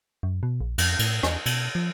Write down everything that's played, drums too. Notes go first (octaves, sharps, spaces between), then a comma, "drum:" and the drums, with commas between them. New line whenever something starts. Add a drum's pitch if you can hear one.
F#2
B2
A#1
F2, drum: cymbal
A2, drum: cymbal
E2, drum: rim click
B2, drum: cymbal
F3